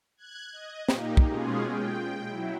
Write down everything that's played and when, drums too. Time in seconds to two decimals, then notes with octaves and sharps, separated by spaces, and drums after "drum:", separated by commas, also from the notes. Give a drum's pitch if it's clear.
0.17 F#6 G#6
0.53 D#5
0.88 A#2 A#3 D#4 G4, drum: snare
1.17 drum: kick
1.27 B2 G#3 C#4 F4 G#4
1.62 G5
2.26 F#3 E4